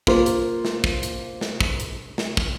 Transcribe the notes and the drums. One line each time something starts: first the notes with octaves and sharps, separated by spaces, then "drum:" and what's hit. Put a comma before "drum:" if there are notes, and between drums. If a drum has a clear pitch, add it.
A#3 F4 C5, drum: kick
drum: hi-hat
drum: snare
drum: kick
drum: hi-hat
drum: snare
drum: kick
drum: hi-hat
drum: snare
drum: kick